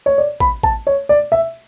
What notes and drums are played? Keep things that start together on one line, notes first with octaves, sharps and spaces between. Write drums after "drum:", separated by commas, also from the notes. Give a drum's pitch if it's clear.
C#5
D5
B5, drum: kick A1
A5, drum: kick A1
C#5
D5
E5